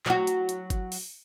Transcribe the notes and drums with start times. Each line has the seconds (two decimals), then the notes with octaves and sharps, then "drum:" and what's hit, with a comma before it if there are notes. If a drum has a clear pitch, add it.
0.06 F#3 F#4, drum: clap
0.27 drum: hi-hat
0.49 drum: hi-hat
0.70 drum: kick G1, hi-hat
0.92 drum: open hi-hat